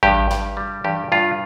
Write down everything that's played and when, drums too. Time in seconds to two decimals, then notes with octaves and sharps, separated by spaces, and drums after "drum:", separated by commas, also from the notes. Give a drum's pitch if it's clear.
0.03 G2 G4, drum: kick A1
0.31 G2, drum: snare
0.57 G3
0.84 G2 G4, drum: tom D#3
1.12 G2 F4